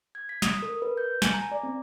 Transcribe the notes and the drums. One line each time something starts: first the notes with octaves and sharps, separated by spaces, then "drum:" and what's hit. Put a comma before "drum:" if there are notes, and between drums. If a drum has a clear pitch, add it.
G#6
B6
D#6, drum: snare
A#4
B4
G6
G#5, drum: snare
A#5
D5
C4